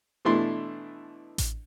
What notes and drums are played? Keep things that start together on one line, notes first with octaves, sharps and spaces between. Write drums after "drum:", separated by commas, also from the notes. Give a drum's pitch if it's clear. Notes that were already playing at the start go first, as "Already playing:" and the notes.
B2 E3 A3 D4 E4 C6
drum: kick A1, hi-hat